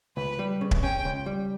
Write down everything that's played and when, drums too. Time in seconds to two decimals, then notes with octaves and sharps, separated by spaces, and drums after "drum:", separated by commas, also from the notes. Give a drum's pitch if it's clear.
0.17 C#2 B4
0.39 G3
0.61 C#3
0.71 drum: kick
0.83 C#4 G5
1.05 C#2
1.26 G3